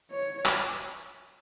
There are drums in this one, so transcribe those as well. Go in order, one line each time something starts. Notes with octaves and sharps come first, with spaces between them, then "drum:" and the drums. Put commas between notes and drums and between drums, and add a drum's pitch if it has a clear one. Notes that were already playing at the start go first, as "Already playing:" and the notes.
C#5
drum: clap